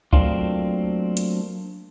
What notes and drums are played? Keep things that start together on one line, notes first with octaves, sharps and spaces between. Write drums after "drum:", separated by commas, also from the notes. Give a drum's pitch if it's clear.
F#3 A3 A#3 C4 D4 F4, drum: kick C#2
drum: hi-hat